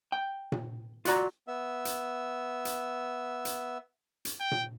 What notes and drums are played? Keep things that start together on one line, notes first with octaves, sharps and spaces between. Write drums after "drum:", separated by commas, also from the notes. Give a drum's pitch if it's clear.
G5
drum: tom A#2
F4 F#4 D5 A#5, drum: hi-hat
B3 E5
drum: hi-hat
drum: hi-hat
drum: hi-hat
drum: hi-hat
G5
drum: tom A#2